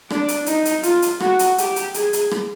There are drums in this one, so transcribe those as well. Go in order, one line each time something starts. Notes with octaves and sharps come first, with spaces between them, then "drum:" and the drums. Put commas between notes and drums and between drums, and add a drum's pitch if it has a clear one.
D4, drum: rim click
drum: hi-hat
D#4, drum: hi-hat
drum: hi-hat
F4, drum: hi-hat
drum: hi-hat
F#4, drum: rim click
drum: hi-hat
G4, drum: hi-hat
drum: hi-hat
G#4, drum: hi-hat
drum: hi-hat
drum: rim click